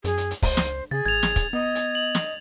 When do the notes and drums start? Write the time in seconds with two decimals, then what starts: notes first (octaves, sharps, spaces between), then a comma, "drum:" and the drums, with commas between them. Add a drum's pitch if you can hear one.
0.04 F#2 G#4, drum: hi-hat
0.18 drum: hi-hat
0.31 drum: hi-hat
0.42 C#2 C5, drum: kick, open hi-hat
0.57 drum: snare
0.91 C#3 G#4 A6
1.06 A1 G#6 F7
1.23 drum: snare
1.36 drum: kick, hi-hat
1.53 B3 D#5
1.75 drum: hi-hat
1.95 F#7
2.15 drum: snare